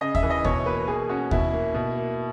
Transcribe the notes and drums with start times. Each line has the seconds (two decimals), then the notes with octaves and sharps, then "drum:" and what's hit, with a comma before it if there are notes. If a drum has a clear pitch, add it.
0.01 C#3 D#5
0.15 E5, drum: kick D#2
0.23 E3
0.30 D#5
0.45 B2 C#5, drum: kick D#2
0.66 A#3 B4
0.88 A#3 G#4
1.09 C#4 F#4
1.31 B2 E4, drum: kick D#2
1.53 A#3
1.74 B2
1.96 A#3